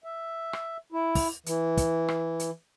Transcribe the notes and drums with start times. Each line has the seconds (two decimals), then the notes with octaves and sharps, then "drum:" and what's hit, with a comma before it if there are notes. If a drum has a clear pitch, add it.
0.04 E5
0.53 drum: rim click
0.92 E4
1.15 drum: kick, open hi-hat
1.46 E3, drum: hi-hat
1.77 drum: kick, hi-hat
2.08 drum: rim click
2.40 drum: hi-hat